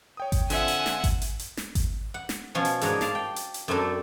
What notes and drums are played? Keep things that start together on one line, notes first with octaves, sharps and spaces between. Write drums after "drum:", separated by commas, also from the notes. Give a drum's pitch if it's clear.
C#5 G5 D#6
drum: kick G#1, hi-hat
D3 F3 C4 E5 F#5 G#5, drum: hi-hat
drum: hi-hat
drum: snare
drum: kick G#1, hi-hat
drum: hi-hat
drum: hi-hat
drum: snare
drum: kick G#1, hi-hat
F#5
drum: snare
B2 F3 C#4
drum: hi-hat
G#2 D4 A#4 C#5 D#5 F#5, drum: hi-hat
D5 F5 A5, drum: snare
G5
drum: hi-hat
drum: hi-hat
F#2 A3 C4 D4 A4 A#4